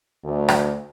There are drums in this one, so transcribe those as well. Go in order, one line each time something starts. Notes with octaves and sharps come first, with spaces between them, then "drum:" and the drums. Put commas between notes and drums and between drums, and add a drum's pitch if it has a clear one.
D2
drum: rim click